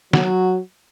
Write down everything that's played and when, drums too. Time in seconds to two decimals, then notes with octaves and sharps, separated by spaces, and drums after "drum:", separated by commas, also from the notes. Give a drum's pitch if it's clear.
0.13 F#3 F#4, drum: snare